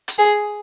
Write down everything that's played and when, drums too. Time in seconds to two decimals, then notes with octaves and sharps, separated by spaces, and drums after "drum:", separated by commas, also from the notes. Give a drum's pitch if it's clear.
0.08 drum: hi-hat
0.19 G#4